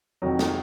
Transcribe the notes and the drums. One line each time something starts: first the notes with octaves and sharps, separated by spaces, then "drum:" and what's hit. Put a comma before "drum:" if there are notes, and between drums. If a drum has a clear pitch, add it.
F1 F2 D#3 F#3
drum: snare